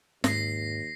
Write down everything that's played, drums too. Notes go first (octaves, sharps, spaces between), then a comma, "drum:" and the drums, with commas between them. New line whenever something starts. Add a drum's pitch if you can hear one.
D#2 G#2 A#6 C7, drum: snare